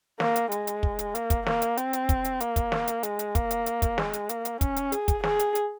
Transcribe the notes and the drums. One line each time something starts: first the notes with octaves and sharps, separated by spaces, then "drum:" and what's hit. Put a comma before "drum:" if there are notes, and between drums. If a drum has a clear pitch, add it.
A#3, drum: snare
drum: hi-hat
G#3, drum: hi-hat
drum: hi-hat
drum: kick
drum: hi-hat
A#3, drum: hi-hat
drum: kick, hi-hat
A#3, drum: snare
drum: hi-hat
C4, drum: hi-hat
drum: hi-hat
drum: kick, hi-hat
drum: hi-hat
A#3, drum: hi-hat
drum: kick, hi-hat
drum: snare
drum: hi-hat
G#3, drum: hi-hat
drum: hi-hat
A#3, drum: kick, hi-hat
drum: hi-hat
drum: hi-hat
drum: kick, hi-hat
G#3, drum: snare
drum: hi-hat
A#3, drum: hi-hat
drum: hi-hat
C#4, drum: kick, hi-hat
drum: hi-hat
G#4, drum: hi-hat
drum: kick, hi-hat
G#4, drum: snare
drum: hi-hat
drum: hi-hat